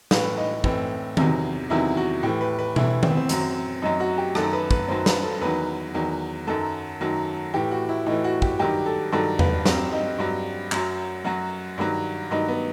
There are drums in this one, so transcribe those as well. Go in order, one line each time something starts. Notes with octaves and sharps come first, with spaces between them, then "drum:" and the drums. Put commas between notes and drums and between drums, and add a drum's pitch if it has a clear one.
A2 E3 B4, drum: snare
D#4
A2 E3 C4, drum: kick
E2 C3 D#3 F#3, drum: tom D#3
E2 C3 D#3 F#3 E4
F#4
A2 E3 G4
B4
B4
A2 E3 E4, drum: tom B2
C4, drum: tom D#3
B3
C4
F#2 F#3, drum: hi-hat
F#2 F#3 D#4
F#4
G4
F#2 D#3 F#3 A4, drum: rim click
B4
B4, drum: kick
F#2 D#3 F#3 C5
B4, drum: snare
A4
E2 D#3 F#3 B4
E2 D#3 F#3
F#2 D#3 F#3 A4
F#2 D#3 F#3
A2 E3 G4
F#4
E4
A2 E3 D#4
F#4
G4, drum: kick
G2 D#3 F#3 G4
A4
G2 D#3 F#3 A4
B4, drum: tom E2
G2 F#3 C4, drum: snare
D#4
G2 F#3
F#2 F#3, drum: clap
F#2 F#3 F#4
G2 D#3 F#3
G2 D#3 F#3 D#4
B3